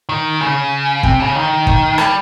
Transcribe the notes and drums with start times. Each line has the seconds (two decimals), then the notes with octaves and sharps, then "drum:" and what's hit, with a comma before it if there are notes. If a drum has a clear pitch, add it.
0.09 D#3
0.41 C#3
1.03 C3, drum: kick
1.20 C#3
1.35 D#3
1.67 drum: kick
1.98 G3, drum: rim click